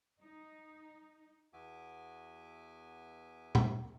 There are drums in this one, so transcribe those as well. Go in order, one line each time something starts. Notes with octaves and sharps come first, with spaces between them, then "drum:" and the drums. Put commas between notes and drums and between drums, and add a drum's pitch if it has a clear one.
D#4
E2 B3 F#4 E5 G#5 D6
drum: tom